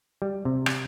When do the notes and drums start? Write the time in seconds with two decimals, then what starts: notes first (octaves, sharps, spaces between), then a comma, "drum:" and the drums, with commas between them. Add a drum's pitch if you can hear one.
0.22 G3
0.45 C3
0.66 drum: rim click